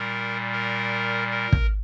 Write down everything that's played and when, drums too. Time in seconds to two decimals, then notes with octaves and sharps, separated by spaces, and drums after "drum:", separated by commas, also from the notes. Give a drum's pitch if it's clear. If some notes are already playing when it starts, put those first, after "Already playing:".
Already playing: A#2 G3 A#4
0.53 A#4
1.31 A#4
1.52 drum: kick